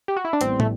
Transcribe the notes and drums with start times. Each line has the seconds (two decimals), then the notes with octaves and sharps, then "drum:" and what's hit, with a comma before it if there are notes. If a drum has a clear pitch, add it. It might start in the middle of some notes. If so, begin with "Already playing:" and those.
0.08 G4
0.16 F#4
0.25 E4
0.33 D4
0.41 A1 A2 G3 B3 C4, drum: hi-hat
0.60 A3, drum: tom